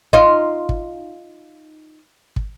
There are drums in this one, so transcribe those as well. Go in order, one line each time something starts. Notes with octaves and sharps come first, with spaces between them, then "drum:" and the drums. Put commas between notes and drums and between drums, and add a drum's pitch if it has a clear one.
D#4 F4, drum: kick
drum: kick
drum: kick